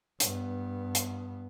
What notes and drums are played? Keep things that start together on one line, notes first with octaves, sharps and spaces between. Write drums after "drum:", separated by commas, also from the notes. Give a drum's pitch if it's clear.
G2 B3, drum: hi-hat
drum: hi-hat